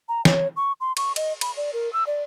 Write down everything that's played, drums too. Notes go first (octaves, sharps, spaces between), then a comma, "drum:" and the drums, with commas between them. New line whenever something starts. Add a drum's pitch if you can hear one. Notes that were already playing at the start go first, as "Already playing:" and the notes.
A#5
C#5, drum: snare
C#6
C6
C#6, drum: cymbal
D#5, drum: cymbal
B5, drum: cymbal
D5
A#4
E6
D5